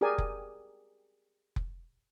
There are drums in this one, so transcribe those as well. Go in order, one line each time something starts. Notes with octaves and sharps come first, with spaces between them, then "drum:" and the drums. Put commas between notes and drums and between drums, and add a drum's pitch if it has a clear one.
G4 G#4 A#4 D5 G#5
drum: kick F1
drum: kick F1